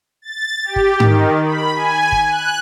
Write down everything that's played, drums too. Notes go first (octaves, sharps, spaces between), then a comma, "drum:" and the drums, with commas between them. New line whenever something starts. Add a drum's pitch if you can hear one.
A6
G4
drum: kick
D#3, drum: tom G#2
B5
G#5
drum: kick
F#6